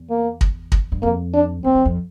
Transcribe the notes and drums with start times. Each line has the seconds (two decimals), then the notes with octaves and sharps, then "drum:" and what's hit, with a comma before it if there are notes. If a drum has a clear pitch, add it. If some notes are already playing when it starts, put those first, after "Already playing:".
Already playing: E2
0.10 A#3
0.41 drum: kick
0.72 drum: kick
0.92 G2
1.02 F2 A#3
1.34 D4
1.64 E2 C4
1.75 F2
1.85 F2